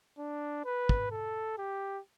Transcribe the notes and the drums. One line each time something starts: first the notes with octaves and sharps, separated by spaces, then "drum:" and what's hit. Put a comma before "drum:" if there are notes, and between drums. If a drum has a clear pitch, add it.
D4
B4
drum: kick
A4
G4